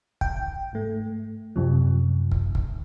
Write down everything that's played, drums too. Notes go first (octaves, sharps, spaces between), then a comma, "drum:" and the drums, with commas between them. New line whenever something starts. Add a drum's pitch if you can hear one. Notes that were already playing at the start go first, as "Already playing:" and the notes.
G5, drum: kick
G#2 A3
F#2 C3 F3
drum: kick
drum: kick